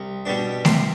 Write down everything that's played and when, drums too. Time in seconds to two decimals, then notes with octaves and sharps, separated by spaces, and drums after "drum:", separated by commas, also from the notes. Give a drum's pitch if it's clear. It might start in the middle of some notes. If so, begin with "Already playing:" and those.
Already playing: C2
0.25 B2 G3 B3 D4
0.65 C2 C6, drum: snare A3